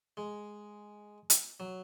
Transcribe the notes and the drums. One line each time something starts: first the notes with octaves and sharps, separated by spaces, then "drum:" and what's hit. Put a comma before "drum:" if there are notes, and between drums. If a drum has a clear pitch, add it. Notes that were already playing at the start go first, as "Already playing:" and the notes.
G#3
drum: hi-hat
F#3